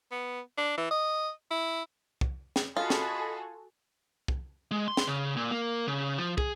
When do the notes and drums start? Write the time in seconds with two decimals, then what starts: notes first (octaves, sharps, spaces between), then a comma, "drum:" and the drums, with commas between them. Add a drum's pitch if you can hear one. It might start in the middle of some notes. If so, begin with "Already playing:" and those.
0.11 B3
0.57 D4
0.77 E3
0.90 D#5
1.51 E4
2.21 drum: kick
2.56 drum: snare
2.77 F4 F#4 G#4 A4 D#5 B5
2.90 drum: snare
4.28 drum: kick
4.71 G#3
4.88 C6
4.97 drum: snare
5.07 C#3
5.36 A#2
5.52 A#3
5.87 C#3
6.18 F3
6.38 G#4, drum: kick